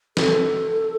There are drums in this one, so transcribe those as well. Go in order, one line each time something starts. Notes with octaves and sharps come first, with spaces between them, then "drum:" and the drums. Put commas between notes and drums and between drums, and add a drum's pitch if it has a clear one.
A4, drum: snare